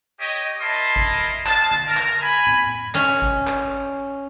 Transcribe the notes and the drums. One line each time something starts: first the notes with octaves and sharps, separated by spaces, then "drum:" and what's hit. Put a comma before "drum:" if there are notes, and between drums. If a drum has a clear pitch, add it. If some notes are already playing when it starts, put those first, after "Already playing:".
G4 C#5 D#5
E4 A#4 D#5 A5 C6
drum: kick G#1
G#3 F5 A5, drum: clap
drum: tom
A#4
drum: clap
G#5 B5
drum: tom
C#4, drum: clap
drum: kick G#1
drum: clap